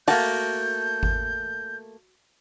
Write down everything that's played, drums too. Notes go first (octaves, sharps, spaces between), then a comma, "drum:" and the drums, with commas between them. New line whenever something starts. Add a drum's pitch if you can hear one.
A3 A#3 F#4 A5 G6, drum: open hi-hat
drum: kick G#1